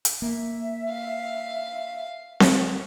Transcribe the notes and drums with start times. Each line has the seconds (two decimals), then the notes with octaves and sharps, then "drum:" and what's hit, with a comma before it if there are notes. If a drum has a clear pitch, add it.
0.05 drum: hi-hat
0.22 A#3 E5
0.91 F5
2.40 drum: snare C4